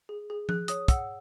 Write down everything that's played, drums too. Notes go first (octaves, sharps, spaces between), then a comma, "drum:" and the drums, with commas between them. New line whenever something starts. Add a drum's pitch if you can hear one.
G#4
G#4
G#4 F#6, drum: tom F3
C#5 D#6, drum: hi-hat
F#5 E6, drum: kick, hi-hat